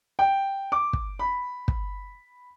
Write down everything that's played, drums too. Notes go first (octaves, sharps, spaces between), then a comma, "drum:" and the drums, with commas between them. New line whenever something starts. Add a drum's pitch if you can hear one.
G5
D6
drum: kick
B5
drum: kick